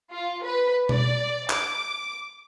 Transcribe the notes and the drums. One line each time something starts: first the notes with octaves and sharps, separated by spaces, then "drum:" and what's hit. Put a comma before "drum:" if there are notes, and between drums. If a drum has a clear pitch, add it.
F4
B4
D5, drum: tom B2
D6, drum: clap